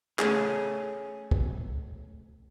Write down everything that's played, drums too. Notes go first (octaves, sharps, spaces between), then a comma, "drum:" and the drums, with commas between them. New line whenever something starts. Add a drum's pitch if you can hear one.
A3 C#4 G#4, drum: clap
drum: kick